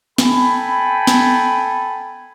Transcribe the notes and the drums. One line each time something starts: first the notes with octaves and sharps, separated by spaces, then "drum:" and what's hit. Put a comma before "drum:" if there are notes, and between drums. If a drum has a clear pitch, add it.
A4 G5 G#5 B5, drum: snare
drum: snare